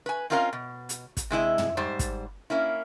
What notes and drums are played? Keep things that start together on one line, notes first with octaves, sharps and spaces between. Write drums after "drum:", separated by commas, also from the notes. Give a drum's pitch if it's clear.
B4 G#5
C4 C#4 F4 A#4 D#5 F5
B2
drum: hi-hat
drum: kick, hi-hat
C3 G#3 E4 D#5
drum: tom
G#2 G3 C5
drum: kick, hi-hat
A#3 C#4 E4